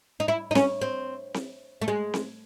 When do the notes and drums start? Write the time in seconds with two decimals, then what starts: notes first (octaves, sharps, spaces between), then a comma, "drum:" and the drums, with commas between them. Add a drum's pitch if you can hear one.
0.20 D#4
0.28 E4
0.51 D#4
0.55 C#4, drum: snare C4
0.81 C4
1.34 drum: snare C4
1.82 A3
1.88 G#3
2.14 drum: snare C4